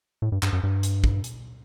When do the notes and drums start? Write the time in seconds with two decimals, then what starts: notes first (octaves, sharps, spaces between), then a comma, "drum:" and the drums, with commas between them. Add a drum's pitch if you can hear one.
0.22 A2
0.32 G2
0.43 G2, drum: clap
0.53 F#2
0.63 G2
0.83 drum: hi-hat
1.04 drum: kick
1.24 drum: hi-hat